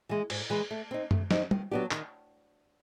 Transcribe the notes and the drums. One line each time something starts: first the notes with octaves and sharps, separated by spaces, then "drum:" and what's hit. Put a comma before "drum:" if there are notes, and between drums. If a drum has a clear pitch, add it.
E3 G#3
G#2, drum: cymbal
E3 G#3
A3
C4 D#4
A3, drum: tom F#2
C4 D#4, drum: snare
D#3, drum: tom
F#3 B3 D4 G4
D#3, drum: clap